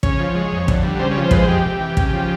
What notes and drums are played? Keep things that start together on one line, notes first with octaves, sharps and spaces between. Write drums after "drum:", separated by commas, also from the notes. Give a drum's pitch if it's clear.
C#3 C#5, drum: kick
F3
G#3
F2
D3, drum: kick
G3
C#3 C5
C#5
F3
C5
G#3 B4, drum: kick
C5
F2 G4
C3
E3
C#3, drum: kick
F3